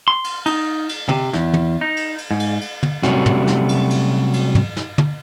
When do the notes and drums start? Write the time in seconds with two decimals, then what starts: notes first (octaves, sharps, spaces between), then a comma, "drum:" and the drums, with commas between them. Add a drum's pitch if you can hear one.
0.08 C6
0.24 drum: cymbal
0.46 D#4, drum: cymbal
0.89 drum: cymbal
1.09 C3, drum: tom
1.33 E2, drum: snare
1.54 drum: tom
1.81 D#4
1.97 drum: cymbal
2.18 drum: cymbal
2.31 G#2
2.40 drum: cymbal
2.61 drum: cymbal
2.83 drum: tom
3.03 C3 F#3 G3 A3 C#4 F#4, drum: snare
3.26 drum: tom
3.47 drum: snare
3.69 drum: cymbal
3.90 drum: cymbal
4.33 drum: cymbal
4.55 drum: tom
4.77 drum: snare
4.98 drum: tom